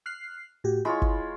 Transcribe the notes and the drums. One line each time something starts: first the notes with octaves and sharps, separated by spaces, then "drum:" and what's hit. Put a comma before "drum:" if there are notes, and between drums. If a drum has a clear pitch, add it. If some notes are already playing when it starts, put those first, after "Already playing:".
F6 F#6 C7
A2 F#4 G4
G#3 E4 F4 C#5 B5
drum: kick